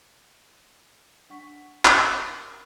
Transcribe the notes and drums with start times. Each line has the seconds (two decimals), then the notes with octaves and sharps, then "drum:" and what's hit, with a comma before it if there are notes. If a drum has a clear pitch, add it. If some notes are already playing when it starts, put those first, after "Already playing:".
1.30 D4 F#5 C#6 B6
1.85 drum: clap
2.06 A#4